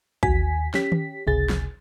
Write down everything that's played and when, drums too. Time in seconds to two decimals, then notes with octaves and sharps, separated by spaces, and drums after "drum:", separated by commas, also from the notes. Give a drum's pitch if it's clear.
0.23 D#2 F#4 G#5 B6, drum: kick
0.74 C#4 G4 B6, drum: snare
0.92 drum: tom D#3
1.27 G1 C#2 C3 G#4 A6
1.49 drum: snare